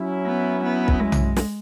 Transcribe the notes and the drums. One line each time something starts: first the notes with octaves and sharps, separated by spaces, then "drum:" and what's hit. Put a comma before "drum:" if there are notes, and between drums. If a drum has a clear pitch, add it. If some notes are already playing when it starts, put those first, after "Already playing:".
Already playing: F#3 C#4 E4
B3
B3
drum: kick
G#3
drum: tom B1
drum: snare